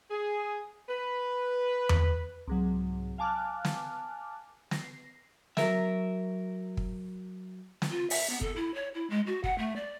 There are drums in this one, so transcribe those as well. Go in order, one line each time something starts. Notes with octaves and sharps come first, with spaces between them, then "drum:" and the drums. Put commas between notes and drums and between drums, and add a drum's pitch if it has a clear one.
G#4
B4
drum: tom E2
C2 G#2 F#3
F5 G#5 A5 D6 F6 F#6
drum: snare
A#6 C7, drum: snare
F#3 A#4 E5, drum: snare
drum: kick
drum: snare
F4
E5, drum: open hi-hat
B3
A4, drum: kick
E4
C#5
E4
G#3
F#4
F#5, drum: kick
A3
D5